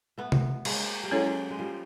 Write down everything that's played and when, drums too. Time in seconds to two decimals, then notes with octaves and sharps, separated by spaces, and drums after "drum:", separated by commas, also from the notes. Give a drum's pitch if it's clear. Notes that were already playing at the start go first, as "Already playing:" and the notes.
0.18 A3 B3
0.32 drum: tom C3
0.65 G#3 A#3, drum: cymbal
1.03 G3
1.11 F#3 G#3 C#4 E4 A4 C#5
1.50 G#3
1.59 F3 G3